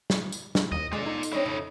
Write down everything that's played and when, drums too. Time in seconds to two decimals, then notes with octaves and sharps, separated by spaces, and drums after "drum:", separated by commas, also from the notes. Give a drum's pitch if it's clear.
0.10 drum: snare
0.32 drum: tambourine
0.55 drum: snare
0.72 D#2 D#5
0.93 D3 G#3 D4 F4 D5
1.06 B3 D#4
1.23 drum: tambourine
1.32 C4 D4 E4 C#5 D#5
1.46 F2 C#3